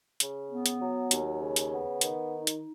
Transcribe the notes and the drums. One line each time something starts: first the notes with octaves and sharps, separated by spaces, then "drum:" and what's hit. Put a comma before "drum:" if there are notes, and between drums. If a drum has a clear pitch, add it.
C#3, drum: hi-hat
B3
drum: hi-hat
F#3
D#2, drum: hi-hat
C#3
drum: hi-hat
B3
D#3, drum: hi-hat
D#4
drum: hi-hat